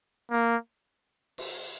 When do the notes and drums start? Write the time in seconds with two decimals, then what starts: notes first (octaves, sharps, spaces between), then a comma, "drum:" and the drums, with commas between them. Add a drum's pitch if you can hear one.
0.32 A#3
1.38 drum: cymbal